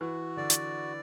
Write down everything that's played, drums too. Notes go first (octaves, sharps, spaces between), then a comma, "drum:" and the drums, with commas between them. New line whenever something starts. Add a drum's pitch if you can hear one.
E3 F#4
D3 D5
drum: hi-hat